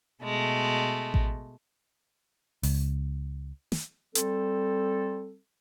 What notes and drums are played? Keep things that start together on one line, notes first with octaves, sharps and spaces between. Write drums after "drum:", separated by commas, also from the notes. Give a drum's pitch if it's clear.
B2 G#3 A3
drum: kick A1
C#2, drum: open hi-hat
drum: snare
G3 C4 A4, drum: hi-hat